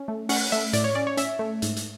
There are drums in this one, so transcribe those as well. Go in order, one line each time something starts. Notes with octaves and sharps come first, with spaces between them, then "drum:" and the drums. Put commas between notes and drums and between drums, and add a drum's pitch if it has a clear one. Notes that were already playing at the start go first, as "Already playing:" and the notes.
Already playing: C#4
A3
C#4 F#5, drum: open hi-hat
A3 E5
A2 D5, drum: hi-hat
C#5
C#4 D5
C#5
C#4 E5, drum: hi-hat
A3
G#2, drum: hi-hat
drum: hi-hat